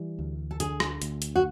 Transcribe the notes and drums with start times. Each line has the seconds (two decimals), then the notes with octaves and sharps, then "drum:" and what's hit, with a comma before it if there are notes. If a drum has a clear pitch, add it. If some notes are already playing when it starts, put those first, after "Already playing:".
Already playing: E3 G3
0.19 D2
0.51 A4
0.60 D3 G#4, drum: hi-hat
0.80 drum: rim click
1.02 D2, drum: hi-hat
1.22 drum: hi-hat
1.36 F#4